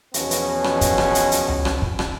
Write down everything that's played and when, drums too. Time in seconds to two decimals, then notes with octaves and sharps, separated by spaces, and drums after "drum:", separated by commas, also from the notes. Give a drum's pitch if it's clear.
0.14 E2 B2 F3 B3 C#4, drum: hi-hat
0.31 drum: hi-hat
0.64 drum: rim click
0.81 drum: kick, hi-hat
0.98 drum: rim click
1.15 drum: hi-hat
1.32 drum: hi-hat
1.48 drum: tom C#2
1.65 drum: rim click
1.82 drum: kick
1.99 drum: rim click